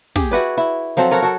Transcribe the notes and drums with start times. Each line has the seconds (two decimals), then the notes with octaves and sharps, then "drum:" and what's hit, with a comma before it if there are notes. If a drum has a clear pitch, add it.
0.16 G4 G#4, drum: snare
0.31 E4 F#4 B4 D5
0.57 E4
0.97 F3 F#3 C4 A4
1.11 F#4 A4 A#4 C#5
1.22 F#4 A4